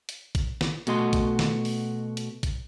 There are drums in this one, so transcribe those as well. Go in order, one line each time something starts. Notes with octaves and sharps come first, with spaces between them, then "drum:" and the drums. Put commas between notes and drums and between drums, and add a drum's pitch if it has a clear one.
drum: hi-hat
drum: kick A#1, hi-hat
drum: snare
B2 A3 F#4 D#5 C6, drum: hi-hat
drum: kick A#1, hi-hat
drum: snare
drum: open hi-hat
drum: hi-hat
drum: kick A#1, hi-hat